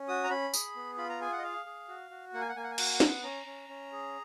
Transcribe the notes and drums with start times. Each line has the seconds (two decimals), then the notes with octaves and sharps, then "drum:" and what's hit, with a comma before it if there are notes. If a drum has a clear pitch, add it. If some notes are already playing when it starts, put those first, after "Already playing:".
Already playing: C#4
0.08 F#4 D#6
0.24 A#5
0.30 C#4 B5
0.54 G#4, drum: tambourine
0.76 B3
0.98 F4 B5
1.09 A#5
1.21 G#4 G#5
1.32 F#5
1.38 D#5
1.43 G#4 F5
1.66 G#4
1.88 F#4
2.10 F#4
2.33 A#3 F#5
2.41 G#5
2.49 F#5
2.56 A#3 G#5
2.64 F#5
2.71 G#5
2.78 F#4 F#5, drum: cymbal
2.86 G#5
2.93 F#5
3.00 B3 G#5, drum: snare
3.07 F#5
3.23 C#4 A#5
3.46 C#4
3.69 C#4
3.92 G#4